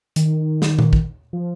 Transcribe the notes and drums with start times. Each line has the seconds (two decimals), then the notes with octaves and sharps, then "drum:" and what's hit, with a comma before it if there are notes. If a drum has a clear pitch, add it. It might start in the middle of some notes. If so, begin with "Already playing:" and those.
0.16 D#3, drum: hi-hat
0.62 drum: snare
0.79 drum: tom A#2
0.93 drum: kick
1.33 F3